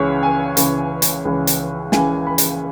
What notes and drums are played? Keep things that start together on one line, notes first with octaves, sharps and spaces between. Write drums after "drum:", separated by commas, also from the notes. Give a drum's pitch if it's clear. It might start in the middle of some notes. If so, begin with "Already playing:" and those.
Already playing: C#2 C#3 E3 C#5
G#5
C#2 C#3 E3, drum: hi-hat
drum: hi-hat
C#2 C#3 E3
drum: hi-hat
C#2 C#3 E3 G#5, drum: snare
B5
drum: hi-hat